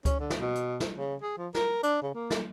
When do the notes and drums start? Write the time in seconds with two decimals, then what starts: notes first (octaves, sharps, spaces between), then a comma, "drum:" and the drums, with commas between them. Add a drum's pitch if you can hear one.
0.05 C#4, drum: kick C#2, hi-hat
0.19 D3
0.30 drum: snare
0.39 B2
0.55 drum: hi-hat
0.80 drum: snare
0.98 C#3
1.22 G#4
1.37 F3
1.55 A#4, drum: snare
1.83 D4, drum: hi-hat
2.02 C#3
2.14 A#3
2.30 drum: snare